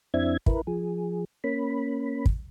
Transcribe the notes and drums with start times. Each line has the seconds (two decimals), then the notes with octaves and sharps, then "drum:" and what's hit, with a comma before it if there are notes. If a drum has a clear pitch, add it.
0.14 F2 C4 D4 E4 E5 G#6
0.46 E4 A#4 B4, drum: kick
0.67 F3 G#4
1.44 A#3 C#4 B5
2.26 drum: kick